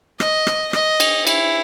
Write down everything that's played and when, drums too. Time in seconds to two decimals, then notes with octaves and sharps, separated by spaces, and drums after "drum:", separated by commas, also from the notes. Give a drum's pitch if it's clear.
0.20 D#5, drum: rim click
0.47 drum: rim click
0.73 D#5, drum: rim click
1.00 drum: cymbal
1.27 E4, drum: cymbal